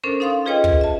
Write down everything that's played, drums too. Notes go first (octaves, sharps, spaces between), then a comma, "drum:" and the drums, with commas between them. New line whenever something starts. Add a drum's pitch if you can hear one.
C#4 D4 A4 A#4 C5
D#4 A4 F5 C6 D#6
F4 G#4 B4 C#5 D#5 G5
G#4, drum: kick
E5 A5